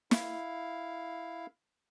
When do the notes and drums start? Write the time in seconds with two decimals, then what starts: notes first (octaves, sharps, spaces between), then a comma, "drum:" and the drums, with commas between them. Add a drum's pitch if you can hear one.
0.11 E4 F5, drum: snare